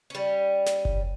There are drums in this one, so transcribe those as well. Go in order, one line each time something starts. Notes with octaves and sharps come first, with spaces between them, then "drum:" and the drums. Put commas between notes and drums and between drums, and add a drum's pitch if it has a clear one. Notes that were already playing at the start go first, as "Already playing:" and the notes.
G3 C#4
drum: snare
drum: kick F#1